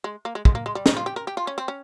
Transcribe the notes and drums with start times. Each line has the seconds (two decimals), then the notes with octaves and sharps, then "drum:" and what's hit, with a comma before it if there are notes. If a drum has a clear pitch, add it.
0.04 G#3
0.25 A#3
0.35 G#3
0.45 G#3, drum: kick
0.55 A#3
0.66 G#3
0.75 G3
0.86 D#4, drum: snare
0.97 F4
1.06 G4
1.16 A#4
1.27 G4
1.37 F4
1.47 C#4
1.58 C4
1.68 C#4